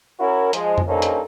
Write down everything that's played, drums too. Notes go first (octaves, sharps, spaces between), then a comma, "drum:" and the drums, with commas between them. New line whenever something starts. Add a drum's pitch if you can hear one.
C#4 E4 F#4 A#4
F3 G#3, drum: hi-hat
drum: tom F2
G2 A#3 C#4 D#4 A4 C5
drum: hi-hat